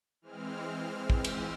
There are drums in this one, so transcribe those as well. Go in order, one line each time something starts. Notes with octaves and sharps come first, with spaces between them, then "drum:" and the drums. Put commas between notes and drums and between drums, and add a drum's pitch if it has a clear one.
E3 G#3 C4 F6
drum: kick
E6, drum: cymbal